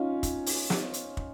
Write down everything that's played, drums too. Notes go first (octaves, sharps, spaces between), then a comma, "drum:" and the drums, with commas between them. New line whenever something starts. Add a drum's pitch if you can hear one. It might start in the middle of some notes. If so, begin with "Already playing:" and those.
Already playing: C#4 D#4 F4
drum: kick, hi-hat
drum: open hi-hat
drum: snare
drum: hi-hat
drum: kick